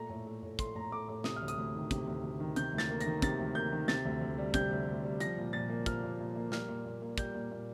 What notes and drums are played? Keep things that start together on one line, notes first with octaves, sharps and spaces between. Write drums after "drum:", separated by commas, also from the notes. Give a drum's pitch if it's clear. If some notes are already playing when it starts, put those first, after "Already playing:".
Already playing: A#2 A3 A#5
A2
A3
A2
A3 C6, drum: kick, hi-hat
A2 A#5
A3 D6
A2 D6
C3 D#6, drum: snare
F6
D2
D#6, drum: hi-hat
D2
D#3
C3, drum: kick, hi-hat
D2
D2
D#3
C3 G6, drum: hi-hat
D2
A6, drum: snare
A#3
A#6, drum: hi-hat
D#3
C3 A6, drum: kick, hi-hat
D2
A#3 G6
D#3
C3 A6, drum: snare
D2
D2
G3
C3 G6, drum: kick, hi-hat
D2
D2
G3
F3 A#6, drum: hi-hat
A#2
A#2 A6
A#3
F3 F6, drum: kick, hi-hat
A#2
A#2
A#3
G3 F6, drum: snare
A#2
A#2
A#3
G3 G6, drum: kick, hi-hat
A#2
A#2